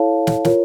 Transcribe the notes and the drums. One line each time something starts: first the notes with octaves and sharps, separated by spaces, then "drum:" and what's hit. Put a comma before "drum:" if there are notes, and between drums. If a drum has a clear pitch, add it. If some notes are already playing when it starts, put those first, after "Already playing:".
Already playing: E4 A4 C#5 F5 A5
drum: snare
F4 A#4 C#5, drum: snare